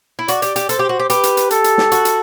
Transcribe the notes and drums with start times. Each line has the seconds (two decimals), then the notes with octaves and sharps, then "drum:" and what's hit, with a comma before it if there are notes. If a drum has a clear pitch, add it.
0.19 E4
0.28 F#4 D5, drum: hi-hat
0.42 G4, drum: hi-hat
0.56 G4, drum: hi-hat
0.69 A4 C5, drum: hi-hat
0.79 G4
0.89 F#4
0.99 G4
1.10 G4 B4, drum: hi-hat
1.24 drum: hi-hat
1.37 drum: hi-hat
1.51 A4, drum: hi-hat
1.64 drum: hi-hat
1.78 drum: snare
1.92 F#4, drum: hi-hat
2.05 drum: hi-hat